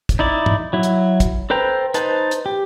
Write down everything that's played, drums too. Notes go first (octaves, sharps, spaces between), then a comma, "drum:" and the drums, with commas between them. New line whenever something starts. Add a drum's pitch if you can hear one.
drum: kick, hi-hat
D#4 E4 D5
drum: tom
F#3 E4
drum: hi-hat
drum: kick, hi-hat
A4 B4 C5 G5 A#5
D#4 B4 C5 A5, drum: hi-hat
drum: hi-hat
G4